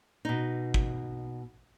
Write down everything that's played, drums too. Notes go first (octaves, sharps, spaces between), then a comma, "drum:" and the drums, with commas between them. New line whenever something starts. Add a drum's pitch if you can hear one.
B2 D#4
drum: kick